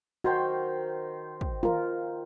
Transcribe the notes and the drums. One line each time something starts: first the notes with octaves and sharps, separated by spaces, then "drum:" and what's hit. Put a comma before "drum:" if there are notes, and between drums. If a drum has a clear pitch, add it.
D#3 F#4 C5 G5
drum: kick
F4 A#4, drum: tom